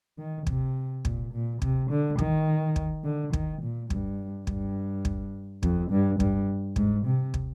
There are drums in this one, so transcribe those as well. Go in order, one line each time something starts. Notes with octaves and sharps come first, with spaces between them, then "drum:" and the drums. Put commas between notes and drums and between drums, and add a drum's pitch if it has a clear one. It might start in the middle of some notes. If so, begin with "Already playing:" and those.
D#3
C3, drum: kick
A#2, drum: kick
A#2
C3, drum: kick
D3
D#3, drum: kick
drum: kick
D3
D#3, drum: kick
A#2
G2, drum: kick
G2, drum: kick
drum: kick
F2, drum: kick
G2
G2, drum: kick
G#2, drum: kick
C3
drum: kick